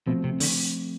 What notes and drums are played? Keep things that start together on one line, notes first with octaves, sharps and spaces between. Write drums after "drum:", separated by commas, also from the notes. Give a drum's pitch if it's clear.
B2 F3 A3 C4
C3
D3, drum: open hi-hat